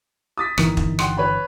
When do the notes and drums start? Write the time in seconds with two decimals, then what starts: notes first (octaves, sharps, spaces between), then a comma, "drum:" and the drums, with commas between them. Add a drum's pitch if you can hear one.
0.38 D#6 A6 B6
0.58 G1 D#3 E3, drum: rim click
0.77 drum: kick
0.99 F#5 G5 C6, drum: rim click
1.17 B4 C#5 B5